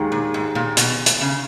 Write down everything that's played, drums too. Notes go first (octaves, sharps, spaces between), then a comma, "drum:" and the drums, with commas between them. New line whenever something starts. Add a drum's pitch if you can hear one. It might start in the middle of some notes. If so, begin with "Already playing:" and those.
Already playing: D#2 D#3 G#3
A#2
G#2
A#2
B2, drum: hi-hat
drum: hi-hat
C#3